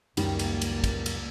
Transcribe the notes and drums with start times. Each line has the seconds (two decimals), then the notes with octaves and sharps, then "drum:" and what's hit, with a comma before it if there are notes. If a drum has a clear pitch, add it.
0.17 C#2 F#2 D#3 G3 A#3, drum: cymbal
0.39 drum: cymbal
0.61 drum: cymbal
0.84 drum: kick, cymbal
1.06 drum: cymbal